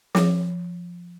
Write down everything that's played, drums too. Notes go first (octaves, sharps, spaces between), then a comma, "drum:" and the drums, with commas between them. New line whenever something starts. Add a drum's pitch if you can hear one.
F3, drum: snare